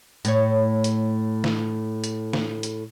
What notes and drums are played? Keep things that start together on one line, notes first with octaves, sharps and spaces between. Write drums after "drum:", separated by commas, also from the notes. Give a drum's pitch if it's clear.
A2 C#5, drum: hi-hat
drum: hi-hat
drum: snare
drum: hi-hat
drum: snare
drum: hi-hat